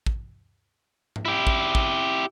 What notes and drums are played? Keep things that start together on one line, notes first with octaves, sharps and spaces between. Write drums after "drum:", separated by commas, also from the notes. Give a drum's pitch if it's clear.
drum: kick
drum: tom G#2
E4 G4
drum: kick
drum: kick